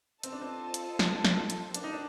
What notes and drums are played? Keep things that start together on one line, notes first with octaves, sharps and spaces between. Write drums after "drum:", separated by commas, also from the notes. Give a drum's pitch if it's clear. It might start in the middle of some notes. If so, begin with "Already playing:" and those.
C4 F4 A4 C5 D#5 A5, drum: hi-hat
D4
C4
drum: hi-hat
drum: snare
drum: snare
drum: hi-hat
D4 G4 A#4 F5 A5, drum: hi-hat
D#4
D4